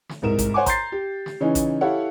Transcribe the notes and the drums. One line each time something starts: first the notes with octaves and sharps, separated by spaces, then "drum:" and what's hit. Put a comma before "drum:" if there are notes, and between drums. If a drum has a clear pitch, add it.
drum: snare
C2 G#2 A#4 E7
drum: kick A1, hi-hat
C5 C#5 F#5 G#5 D6
A#5 C6 G6 A6 C7, drum: kick A1, hi-hat
G4
drum: snare
C#3 E3 C#4 D#4
drum: kick A1, hi-hat
E4 G4 A4 C#5 F5 F#5